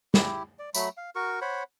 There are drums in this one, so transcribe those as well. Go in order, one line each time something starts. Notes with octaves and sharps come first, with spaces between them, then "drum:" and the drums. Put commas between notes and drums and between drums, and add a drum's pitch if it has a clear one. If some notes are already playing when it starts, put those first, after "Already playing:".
E4 G4, drum: snare
D5
F#3 A3 B5, drum: tambourine
F5
F#4 A#4 C#6
C5 C#5 F#5 B5